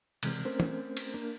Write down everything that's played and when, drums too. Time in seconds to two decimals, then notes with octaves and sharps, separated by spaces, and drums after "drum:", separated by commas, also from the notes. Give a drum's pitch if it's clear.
0.23 C3 E3 G#3 C4, drum: cymbal
0.45 A3 C4 C#4 A#4 C5
0.60 drum: tom
0.97 drum: cymbal
1.14 A#3 D4 A#4